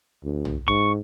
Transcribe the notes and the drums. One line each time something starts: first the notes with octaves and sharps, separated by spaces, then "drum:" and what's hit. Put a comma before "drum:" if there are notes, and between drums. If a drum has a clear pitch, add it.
D2
drum: tom
G#2 C#6, drum: kick